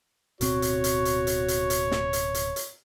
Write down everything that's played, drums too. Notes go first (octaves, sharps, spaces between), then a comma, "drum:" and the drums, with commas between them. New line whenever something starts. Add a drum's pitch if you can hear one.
D1 B2 C4 F#4 C#5, drum: hi-hat
drum: hi-hat
drum: hi-hat
drum: hi-hat
drum: hi-hat
drum: hi-hat
drum: hi-hat
drum: snare
drum: hi-hat
drum: hi-hat
drum: hi-hat